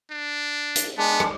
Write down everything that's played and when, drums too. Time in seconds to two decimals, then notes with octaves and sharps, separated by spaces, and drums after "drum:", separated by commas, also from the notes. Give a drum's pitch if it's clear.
0.12 D4
0.76 drum: hi-hat
0.98 G#3 B3 D4
1.20 drum: rim click